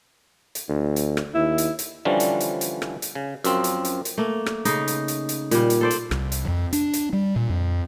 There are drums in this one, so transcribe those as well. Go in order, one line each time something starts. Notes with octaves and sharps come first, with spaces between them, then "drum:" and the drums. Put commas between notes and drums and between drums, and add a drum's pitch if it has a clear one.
drum: hi-hat
D2
drum: hi-hat
drum: rim click
D#2 E4
drum: hi-hat
drum: hi-hat
D3 E3 F3 G3 C#4
drum: hi-hat
drum: hi-hat
drum: hi-hat
drum: rim click
drum: hi-hat
C#3
F#2 F3 C4, drum: hi-hat
drum: hi-hat
drum: hi-hat
drum: hi-hat
A3 A#3
drum: rim click
C#3 D#4, drum: hi-hat
drum: hi-hat
drum: hi-hat
drum: hi-hat
A#2 G3, drum: hi-hat
drum: hi-hat
A4 C5 D5
drum: hi-hat
C2, drum: rim click
drum: hi-hat
F2
D4, drum: hi-hat
drum: hi-hat
G3
A#2
F2